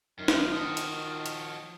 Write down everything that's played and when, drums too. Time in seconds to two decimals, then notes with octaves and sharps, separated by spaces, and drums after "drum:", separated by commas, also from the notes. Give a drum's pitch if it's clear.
0.19 F#2 D#3 F4
0.28 drum: snare
0.53 D#3 F3 F#4 D#6
0.77 drum: hi-hat
1.26 drum: hi-hat